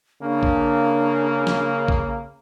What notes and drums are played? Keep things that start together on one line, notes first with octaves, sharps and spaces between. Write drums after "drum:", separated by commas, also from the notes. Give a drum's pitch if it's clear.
C#3 A#3 D4
drum: kick A#1
drum: snare
drum: kick A#1